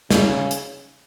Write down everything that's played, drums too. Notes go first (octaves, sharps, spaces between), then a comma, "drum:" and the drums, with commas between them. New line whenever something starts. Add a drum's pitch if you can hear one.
C#3, drum: snare
drum: hi-hat